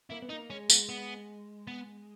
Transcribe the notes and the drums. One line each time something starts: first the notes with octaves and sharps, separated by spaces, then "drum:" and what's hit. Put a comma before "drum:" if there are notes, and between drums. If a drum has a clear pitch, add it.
A#3 E4
B3
D#4
A#3
G#3 C#4
B3, drum: tambourine
B3
B3